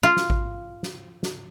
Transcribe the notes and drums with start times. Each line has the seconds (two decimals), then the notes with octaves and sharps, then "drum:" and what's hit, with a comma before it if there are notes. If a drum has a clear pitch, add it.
0.03 F4
0.17 drum: snare
0.30 drum: kick A1
0.83 drum: snare
1.23 drum: snare